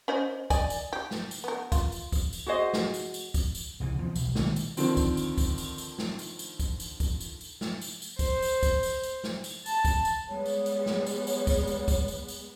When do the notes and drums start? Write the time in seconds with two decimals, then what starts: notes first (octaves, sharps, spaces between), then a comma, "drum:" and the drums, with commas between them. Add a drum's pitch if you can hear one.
0.08 C#4 C5 D#5
0.50 D5 D#5 G#5, drum: kick, tambourine
0.70 drum: tambourine
0.93 G4
1.11 drum: snare
1.31 drum: tambourine
1.44 B3 A#4
1.72 F4, drum: kick, tambourine
1.92 drum: tambourine
2.12 drum: kick, tambourine
2.33 drum: tambourine
2.46 F#4 G#4 C5 D#5
2.73 drum: snare
2.94 drum: tambourine
3.14 drum: tambourine
3.34 drum: kick, tambourine
3.55 drum: tambourine
3.80 C2 C#3 E3
3.99 E2 F3
4.16 B1, drum: tambourine
4.35 B1 D#3 G#3 A#3, drum: snare
4.56 drum: tambourine
4.77 D3 D#3 F3 C4, drum: tambourine
4.97 drum: kick, tambourine
5.17 drum: tambourine
5.38 drum: kick, tambourine
5.58 drum: tambourine
5.78 drum: tambourine
5.99 drum: snare
6.19 drum: tambourine
6.39 drum: tambourine
6.59 drum: kick, tambourine
6.80 drum: tambourine
7.00 drum: kick, tambourine
7.20 drum: tambourine
7.41 drum: tambourine
7.61 drum: snare
7.81 drum: tambourine
8.02 drum: tambourine
8.19 C5, drum: kick, tambourine
8.42 drum: tambourine
8.63 drum: kick, tambourine
8.83 drum: tambourine
9.03 drum: tambourine
9.24 drum: snare
9.44 drum: tambourine
9.66 A5, drum: tambourine
9.85 drum: kick, tambourine
10.05 drum: tambourine
10.29 G3 G#3 B3 C#5
10.46 drum: tambourine
10.66 drum: tambourine
10.86 drum: snare
11.07 drum: tambourine
11.27 drum: tambourine
11.47 drum: kick, tambourine
11.67 drum: tambourine
11.88 drum: kick, tambourine
12.08 drum: tambourine
12.28 drum: tambourine